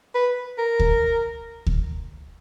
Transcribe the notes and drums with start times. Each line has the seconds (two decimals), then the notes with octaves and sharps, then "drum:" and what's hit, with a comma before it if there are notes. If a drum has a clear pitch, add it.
0.15 B4
0.58 A#4
0.80 drum: kick D2
1.66 drum: kick D2